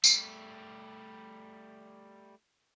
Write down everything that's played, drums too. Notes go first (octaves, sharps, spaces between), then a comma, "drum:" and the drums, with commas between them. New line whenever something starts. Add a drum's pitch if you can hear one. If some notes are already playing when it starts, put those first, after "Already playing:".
G3 A3, drum: tambourine